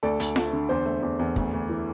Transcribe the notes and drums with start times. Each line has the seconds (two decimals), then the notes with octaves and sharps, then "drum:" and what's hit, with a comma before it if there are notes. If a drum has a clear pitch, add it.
0.03 D2 A4 D5
0.20 D2, drum: hi-hat
0.36 A3, drum: snare F4
0.53 D3
0.69 E2 C5
0.86 A3
1.02 E2
1.19 E2
1.36 D2, drum: kick
1.53 D2
1.69 E3